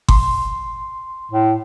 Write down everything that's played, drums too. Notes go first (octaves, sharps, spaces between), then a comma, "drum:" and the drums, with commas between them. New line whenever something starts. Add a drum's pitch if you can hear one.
C6, drum: kick G1
A2